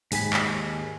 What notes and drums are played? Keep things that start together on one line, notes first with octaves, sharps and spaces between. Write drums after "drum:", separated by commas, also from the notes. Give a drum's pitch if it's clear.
D#2 G#2 G#4 G#5 B5, drum: open hi-hat
drum: clap